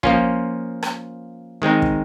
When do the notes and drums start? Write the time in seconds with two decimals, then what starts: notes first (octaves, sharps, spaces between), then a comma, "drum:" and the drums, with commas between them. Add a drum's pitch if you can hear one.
0.03 F3 A#3 C#4 F4, drum: kick
0.83 drum: rim click
1.62 D#3 G#3 C4 D#4
1.82 drum: kick